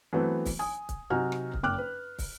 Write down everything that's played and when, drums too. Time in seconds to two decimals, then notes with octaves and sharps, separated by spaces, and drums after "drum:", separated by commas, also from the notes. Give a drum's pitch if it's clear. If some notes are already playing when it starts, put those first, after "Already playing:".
0.13 E3 F#3 A3 B3 C4
0.45 drum: kick, open hi-hat
0.59 G#5 D#6
0.89 drum: kick, hi-hat
1.10 C3 F#3 D#4 F#4 G#5 F6
1.32 drum: rim click
1.54 drum: kick
1.63 F#1 G5 D6 F6 F#6
1.78 B4
2.19 drum: kick, open hi-hat